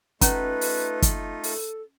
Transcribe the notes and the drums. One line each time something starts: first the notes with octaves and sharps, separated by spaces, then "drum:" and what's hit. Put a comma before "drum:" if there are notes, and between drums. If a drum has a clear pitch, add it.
A3 C#4 D#4 F4 B4 A#5, drum: kick, hi-hat
drum: open hi-hat
drum: kick, hi-hat
A4, drum: open hi-hat